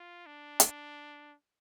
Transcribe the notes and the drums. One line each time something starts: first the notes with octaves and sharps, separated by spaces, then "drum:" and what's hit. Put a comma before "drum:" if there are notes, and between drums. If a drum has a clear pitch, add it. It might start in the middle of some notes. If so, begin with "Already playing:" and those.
Already playing: F4
D4
drum: hi-hat